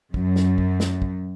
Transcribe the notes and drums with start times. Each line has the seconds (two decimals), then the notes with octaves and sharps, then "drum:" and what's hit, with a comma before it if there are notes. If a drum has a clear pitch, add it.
0.14 F#2, drum: kick
0.36 drum: snare
0.58 drum: kick
0.80 drum: snare
1.02 drum: kick